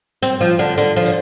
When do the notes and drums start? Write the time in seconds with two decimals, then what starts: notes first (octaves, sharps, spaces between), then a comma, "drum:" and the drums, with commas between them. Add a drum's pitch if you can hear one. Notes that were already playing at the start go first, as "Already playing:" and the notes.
0.23 C4, drum: hi-hat
0.41 F3
0.59 D3
0.78 D3, drum: hi-hat
0.96 F3
1.06 drum: hi-hat